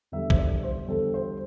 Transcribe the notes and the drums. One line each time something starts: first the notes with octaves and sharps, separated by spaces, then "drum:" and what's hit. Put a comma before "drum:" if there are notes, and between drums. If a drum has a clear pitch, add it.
E2 D3 G3 E5
C5, drum: kick
D5
C5
E2 D3 G3 A4
C5